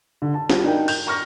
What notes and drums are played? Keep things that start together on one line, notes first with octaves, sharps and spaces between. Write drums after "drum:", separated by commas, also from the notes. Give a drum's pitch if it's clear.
D3
A5
G3 F4 F#4, drum: snare
D4 D#4 A#4 G5
G6 F7, drum: cymbal
A#5 C#6 F6 A#6